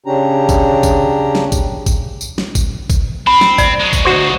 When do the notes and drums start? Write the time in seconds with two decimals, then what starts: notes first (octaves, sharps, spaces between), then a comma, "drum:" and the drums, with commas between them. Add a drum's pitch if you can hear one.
0.06 C#3 C#4 D4 G4 A#5
0.49 drum: kick G#1, tambourine
0.83 drum: kick G#1, tambourine
1.35 drum: snare
1.52 drum: kick G#1, tambourine
1.86 drum: kick G#1, tambourine
2.21 drum: tambourine
2.38 drum: snare
2.55 drum: kick G#1, tambourine
2.90 drum: kick G#1, tambourine
3.27 C4 B5
3.41 drum: snare
3.58 D5, drum: kick G#1, tambourine
3.80 F#3 G#3
3.93 drum: kick G#1, tambourine
4.05 D2 F#4 C5